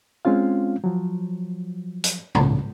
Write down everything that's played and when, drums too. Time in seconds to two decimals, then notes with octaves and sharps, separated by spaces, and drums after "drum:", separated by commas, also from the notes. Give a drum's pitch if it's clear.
0.25 G#3 C4 C#4 F4 F5
0.84 F3 F#3
2.04 drum: hi-hat
2.35 C#2 A#2 C#3, drum: tom G#2